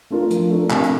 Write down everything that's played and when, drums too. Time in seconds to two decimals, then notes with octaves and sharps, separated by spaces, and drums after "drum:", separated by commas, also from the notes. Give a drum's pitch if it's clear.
0.10 A3 D4 F4 A#4
0.30 F3, drum: hi-hat
0.50 A3 D4 F4 A#4
0.70 C3, drum: clap
0.83 drum: hi-hat